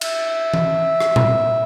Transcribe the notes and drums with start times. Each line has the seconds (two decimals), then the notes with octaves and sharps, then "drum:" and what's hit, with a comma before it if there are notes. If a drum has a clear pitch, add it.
0.01 E5, drum: cymbal
0.54 drum: tom E3
1.00 drum: rim click
1.16 drum: tom A#2